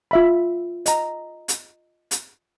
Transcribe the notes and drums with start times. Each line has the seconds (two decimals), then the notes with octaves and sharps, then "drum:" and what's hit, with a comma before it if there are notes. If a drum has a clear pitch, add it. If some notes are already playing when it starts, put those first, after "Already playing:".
0.11 F4 E5 B5
0.86 D#5 A#5, drum: hi-hat
1.48 drum: hi-hat
2.11 drum: hi-hat